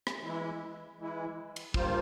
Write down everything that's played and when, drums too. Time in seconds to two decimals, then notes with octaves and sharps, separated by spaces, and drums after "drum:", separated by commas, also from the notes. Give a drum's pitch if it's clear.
0.07 drum: rim click
0.24 E3 G#3 E4
0.99 E3 G#3 E4
1.56 drum: cymbal
1.74 G2 G3 A#3 F4 C5, drum: kick